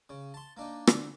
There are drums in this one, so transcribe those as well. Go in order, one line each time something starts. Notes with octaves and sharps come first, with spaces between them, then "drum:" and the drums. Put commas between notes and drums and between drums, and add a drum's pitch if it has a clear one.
C#3
A5 C6
A#3 D4 D#4
D3, drum: rim click